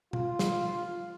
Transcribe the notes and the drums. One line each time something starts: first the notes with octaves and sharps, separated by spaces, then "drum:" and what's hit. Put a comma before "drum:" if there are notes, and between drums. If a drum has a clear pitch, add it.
F4, drum: tom B2
drum: snare